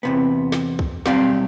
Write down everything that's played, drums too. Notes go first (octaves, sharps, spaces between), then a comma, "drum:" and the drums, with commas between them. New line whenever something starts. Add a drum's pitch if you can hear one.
E2 C3 B3
drum: snare
drum: kick
B1 G3 C4 D5 F5, drum: snare